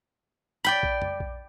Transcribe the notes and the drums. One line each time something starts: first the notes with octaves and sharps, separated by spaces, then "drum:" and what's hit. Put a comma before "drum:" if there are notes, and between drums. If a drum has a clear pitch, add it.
D5 G5 B5
drum: kick A#1
drum: tom F2
drum: kick A#1